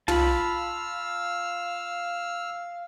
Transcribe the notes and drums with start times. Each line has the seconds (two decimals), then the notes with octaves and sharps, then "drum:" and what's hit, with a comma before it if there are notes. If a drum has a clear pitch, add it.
0.08 F4 F5 A5 B5 E6 F6, drum: tom